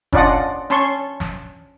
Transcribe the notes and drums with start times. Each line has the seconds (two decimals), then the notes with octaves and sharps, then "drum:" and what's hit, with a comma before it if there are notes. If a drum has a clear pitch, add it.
0.13 C#4 D4 F4 D5 D#5 F#5, drum: kick
0.70 C#4 A5 C6 C#6, drum: hi-hat
1.20 drum: snare